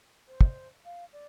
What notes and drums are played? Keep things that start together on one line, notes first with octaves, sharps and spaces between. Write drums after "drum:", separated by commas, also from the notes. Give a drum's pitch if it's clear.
C5
drum: kick
F5
D5